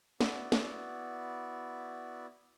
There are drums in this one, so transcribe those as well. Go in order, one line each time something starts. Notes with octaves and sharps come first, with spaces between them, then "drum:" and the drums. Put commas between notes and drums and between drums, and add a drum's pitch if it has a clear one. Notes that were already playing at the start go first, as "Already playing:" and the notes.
B3 E4 F#4 D5, drum: snare
drum: snare